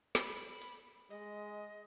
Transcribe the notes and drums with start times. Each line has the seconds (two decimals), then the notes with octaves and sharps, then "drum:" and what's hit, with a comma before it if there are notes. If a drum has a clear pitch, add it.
0.15 B5, drum: snare
0.62 drum: open hi-hat
1.10 G#3 D#5